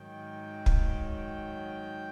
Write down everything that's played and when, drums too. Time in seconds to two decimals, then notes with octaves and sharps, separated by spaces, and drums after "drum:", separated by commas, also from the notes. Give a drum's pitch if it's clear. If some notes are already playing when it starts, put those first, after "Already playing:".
Already playing: G#2 D#3 F#3 G5
0.66 drum: kick
1.16 G5